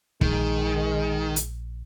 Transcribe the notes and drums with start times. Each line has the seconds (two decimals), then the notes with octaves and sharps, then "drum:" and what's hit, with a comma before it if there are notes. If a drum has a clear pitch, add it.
0.21 A#1 D#3 G#3, drum: kick
1.36 drum: hi-hat